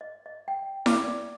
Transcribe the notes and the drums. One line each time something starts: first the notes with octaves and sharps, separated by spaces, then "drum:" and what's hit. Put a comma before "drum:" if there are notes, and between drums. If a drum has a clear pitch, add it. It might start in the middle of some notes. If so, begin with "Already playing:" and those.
D#5
D#5
G5
D6, drum: snare E4
D5